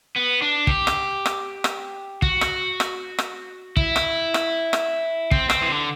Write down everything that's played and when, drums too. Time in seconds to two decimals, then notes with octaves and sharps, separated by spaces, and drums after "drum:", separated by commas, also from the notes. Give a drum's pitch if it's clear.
0.16 B3
0.42 D4
0.67 G4, drum: kick
0.87 drum: rim click
1.26 drum: rim click
1.64 drum: rim click
2.22 F#4, drum: kick
2.41 drum: rim click
2.80 drum: rim click
3.18 drum: rim click
3.77 E4, drum: kick
3.96 drum: rim click
4.34 drum: rim click
4.73 drum: rim click
5.31 C4, drum: kick
5.50 C4, drum: rim click
5.61 E3
5.70 D3